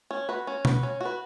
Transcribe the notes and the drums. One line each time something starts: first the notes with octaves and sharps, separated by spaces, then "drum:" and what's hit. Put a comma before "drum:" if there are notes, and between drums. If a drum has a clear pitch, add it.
C#4
F#4 B4
C#4
F#4 B4, drum: tom B2
C#4
F#4 B4